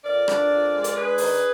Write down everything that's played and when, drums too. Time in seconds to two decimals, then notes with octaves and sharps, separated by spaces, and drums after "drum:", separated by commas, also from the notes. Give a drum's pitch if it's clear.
0.05 F2 A#4 D5
0.28 D4, drum: rim click
0.50 F2
0.73 G#3
0.84 drum: hi-hat
0.95 D4 G#4 B4
1.18 D#3, drum: open hi-hat